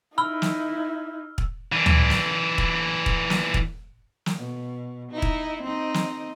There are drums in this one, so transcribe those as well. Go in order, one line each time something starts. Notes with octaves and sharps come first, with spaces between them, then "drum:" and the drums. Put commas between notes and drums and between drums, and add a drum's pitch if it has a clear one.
D#4 E4 B5 E6 F6 G7
drum: snare
drum: kick
E3 D4
drum: tom
drum: snare
drum: kick
drum: kick
drum: snare
drum: kick
drum: snare
B2
D#4 E4
drum: kick
C4 D#4
drum: snare